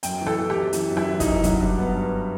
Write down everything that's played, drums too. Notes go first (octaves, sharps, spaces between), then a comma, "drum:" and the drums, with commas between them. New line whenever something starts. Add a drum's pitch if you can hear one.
F#2 G5, drum: hi-hat
E3
A4, drum: rim click
E3
G4, drum: rim click
F#2
E3, drum: hi-hat
F#2
E4, drum: rim click
E3
D#4, drum: kick, hi-hat
F#2
F#3, drum: kick, hi-hat
G2
B3
G2